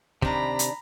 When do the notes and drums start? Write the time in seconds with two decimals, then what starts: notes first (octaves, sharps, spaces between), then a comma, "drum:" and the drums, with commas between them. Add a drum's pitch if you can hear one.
0.22 C3 D#3 D4 D5 A#5 B5, drum: kick
0.59 drum: hi-hat